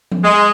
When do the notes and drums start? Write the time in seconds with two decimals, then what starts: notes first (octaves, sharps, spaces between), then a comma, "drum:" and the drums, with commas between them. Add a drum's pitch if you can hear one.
0.12 drum: tom F3
0.23 G#3